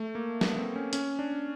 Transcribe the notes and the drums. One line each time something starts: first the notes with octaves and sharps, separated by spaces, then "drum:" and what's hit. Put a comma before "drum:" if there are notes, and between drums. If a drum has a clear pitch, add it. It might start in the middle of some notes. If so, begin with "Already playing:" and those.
Already playing: A3
A#3
B3, drum: snare F#3
C4
C#4
C#4, drum: hi-hat
D4